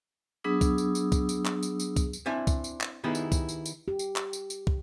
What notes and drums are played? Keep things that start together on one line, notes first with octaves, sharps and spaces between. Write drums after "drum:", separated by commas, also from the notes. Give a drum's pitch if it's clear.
F#3 B3 D4 G#4 D#6 E6
drum: kick, tambourine
drum: tambourine
drum: tambourine
drum: kick, tambourine
drum: tambourine
drum: clap
drum: tambourine
drum: tambourine
drum: kick, tambourine
drum: tambourine
C4 D4 E4 E5 G#5
drum: kick, tambourine
drum: tambourine
drum: clap
D#3 B3 D#4 E4 G4 G#4
drum: tambourine
drum: kick, tambourine
drum: tambourine
drum: tambourine
G4
drum: tambourine
drum: clap
drum: tambourine
drum: tambourine
drum: kick